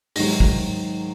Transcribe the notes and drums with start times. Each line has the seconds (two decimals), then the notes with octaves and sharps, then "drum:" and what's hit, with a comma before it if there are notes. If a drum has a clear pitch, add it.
0.16 G#2 D#3 F#3 A#6, drum: open hi-hat
0.40 drum: kick